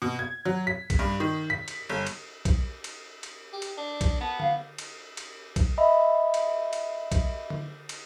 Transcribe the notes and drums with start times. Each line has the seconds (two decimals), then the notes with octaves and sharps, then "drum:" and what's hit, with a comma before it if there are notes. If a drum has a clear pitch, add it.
0.02 B2
0.19 G#6
0.45 F#3
0.67 B6
0.90 drum: kick A#1, cymbal
0.99 G2
1.20 D#3
1.50 B6
1.68 drum: cymbal
1.89 G1
2.07 drum: cymbal
2.45 drum: kick A#1, cymbal
2.84 drum: cymbal
3.23 drum: cymbal
3.53 G4
3.62 drum: cymbal
3.77 D4
4.01 drum: kick A#1, cymbal
4.21 B3 A5
4.40 F5, drum: tom D3
4.78 drum: cymbal
5.17 drum: cymbal
5.56 drum: kick A#1, cymbal
5.78 D#5 E5 B5
6.34 drum: cymbal
6.73 drum: cymbal
7.12 drum: kick A#1, cymbal
7.50 drum: tom D3
7.89 drum: cymbal